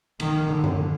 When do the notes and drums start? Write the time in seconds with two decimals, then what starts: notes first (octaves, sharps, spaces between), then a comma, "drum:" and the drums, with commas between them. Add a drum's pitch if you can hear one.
0.20 D#3, drum: cymbal
0.49 D3
0.64 drum: tom F#2